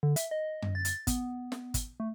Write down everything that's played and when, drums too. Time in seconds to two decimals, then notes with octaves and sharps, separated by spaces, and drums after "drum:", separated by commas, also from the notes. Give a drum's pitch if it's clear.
0.03 D3
0.16 E5, drum: hi-hat
0.31 D#5
0.62 drum: tom F#2
0.75 A6
0.85 drum: hi-hat
1.07 B3, drum: kick, hi-hat
1.52 drum: snare
1.74 drum: kick, hi-hat
2.00 A3